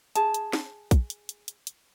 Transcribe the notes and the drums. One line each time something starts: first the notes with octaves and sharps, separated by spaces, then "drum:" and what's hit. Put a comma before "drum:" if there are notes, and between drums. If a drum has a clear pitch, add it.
G#4 A5, drum: hi-hat
drum: hi-hat
drum: snare
drum: kick A#1, hi-hat
drum: hi-hat
drum: hi-hat
drum: hi-hat
drum: hi-hat